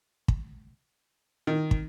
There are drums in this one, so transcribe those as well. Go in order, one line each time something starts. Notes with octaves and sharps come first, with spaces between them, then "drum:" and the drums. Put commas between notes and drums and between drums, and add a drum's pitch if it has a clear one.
drum: kick
D#3
drum: kick